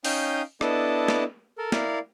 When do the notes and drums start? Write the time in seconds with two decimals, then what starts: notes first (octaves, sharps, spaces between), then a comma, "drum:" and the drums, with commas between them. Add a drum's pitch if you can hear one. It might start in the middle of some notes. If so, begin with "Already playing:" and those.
0.04 C#4 D#4 F5 G5 D#6 G6, drum: open hi-hat
0.61 B3 D4 E4 A4 D#5 A5, drum: rim click
1.08 drum: snare
1.58 A4 A#4
1.72 E4 A#4 D5 F5, drum: snare